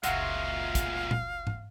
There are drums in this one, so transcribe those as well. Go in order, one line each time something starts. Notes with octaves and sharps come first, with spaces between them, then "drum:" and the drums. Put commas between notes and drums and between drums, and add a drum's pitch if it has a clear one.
F#1 C#2 A#2 G#3 F4 F#4 E5 F5, drum: hi-hat
drum: kick, hi-hat
drum: tom A#2
drum: tom G#2